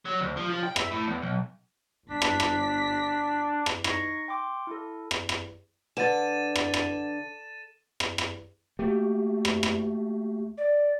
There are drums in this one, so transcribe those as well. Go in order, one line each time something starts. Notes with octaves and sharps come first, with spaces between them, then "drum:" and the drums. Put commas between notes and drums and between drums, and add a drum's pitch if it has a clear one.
F#3
D2
F3
F3
G5
E5, drum: rim click
A2
E2
B1
G1 D4 B6
drum: rim click
drum: rim click
drum: rim click
D#4 C#6 G#6 A#6 C7 C#7, drum: rim click
G5 C6 D6
E4 A4
drum: rim click
drum: rim click
D3 B4 F#5 A6 D#7 E7
drum: rim click
drum: rim click
drum: rim click
drum: rim click
A3 A#3 F#4 G4
drum: rim click
drum: rim click
D5